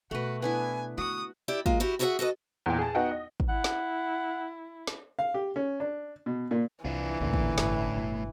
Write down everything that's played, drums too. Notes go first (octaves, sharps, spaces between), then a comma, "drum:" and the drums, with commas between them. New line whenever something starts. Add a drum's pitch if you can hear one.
B2 A3 F#4 B4
B3 D4 E4 G#5
D3 A3 F#4 D#6
E4 G4 D5
G#3 A#3 F4, drum: kick
E4 F#4 G4
E4 F#4 G#4 B4 E5 F#5
F#4 A4 B4 D#5
E2 A#2 G5
G#4 A5
B3 D#4 F#4 F#5 G5
D#5
drum: kick
E4 F#5
drum: snare
drum: snare
F5
G4
C#4
D4
B2
A#2
C2 F2 E3 D4 F4
A1 D2 A#2 D3 A#3
drum: kick
G1 A2, drum: snare
G1 B2